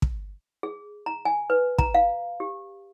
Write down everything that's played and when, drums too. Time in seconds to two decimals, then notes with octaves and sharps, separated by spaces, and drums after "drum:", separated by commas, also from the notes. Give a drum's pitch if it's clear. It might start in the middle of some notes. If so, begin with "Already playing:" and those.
0.02 drum: kick
0.63 G#4
1.06 A#5
1.25 G#5
1.50 B4
1.78 A#5, drum: kick
1.94 F5
2.40 G4